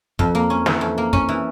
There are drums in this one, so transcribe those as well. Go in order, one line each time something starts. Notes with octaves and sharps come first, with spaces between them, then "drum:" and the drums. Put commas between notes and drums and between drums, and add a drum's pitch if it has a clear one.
F2, drum: kick
A#3
C#4
E3, drum: snare
F2
A#3
C#4, drum: kick
E3